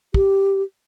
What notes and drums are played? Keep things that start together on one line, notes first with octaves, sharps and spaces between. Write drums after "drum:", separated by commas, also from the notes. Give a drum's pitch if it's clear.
G4, drum: kick